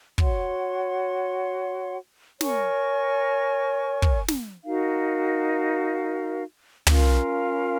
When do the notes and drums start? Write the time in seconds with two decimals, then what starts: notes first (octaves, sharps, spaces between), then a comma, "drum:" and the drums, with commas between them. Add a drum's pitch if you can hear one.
0.18 F#4 C#5 F#5 C6, drum: kick
2.41 A#4 C#5 G#5 C#6, drum: snare
4.02 drum: kick
4.28 drum: snare
4.64 D#4 F#4 A#4 F5
6.87 C#4 F4 A#4 F5, drum: tom